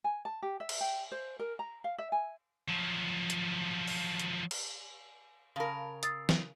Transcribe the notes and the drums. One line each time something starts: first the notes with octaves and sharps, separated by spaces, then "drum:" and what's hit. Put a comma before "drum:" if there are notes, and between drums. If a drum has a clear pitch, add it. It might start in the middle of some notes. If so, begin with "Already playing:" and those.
G#5
A5
G4
E5
drum: cymbal
G5
C5
A#4
A#5
F5
E5
G#5
F3 F#3
drum: hi-hat
drum: open hi-hat
drum: hi-hat
drum: cymbal
C#3 A#4 F5 A5 B5
D#6 E6 A6 C7, drum: hi-hat
drum: snare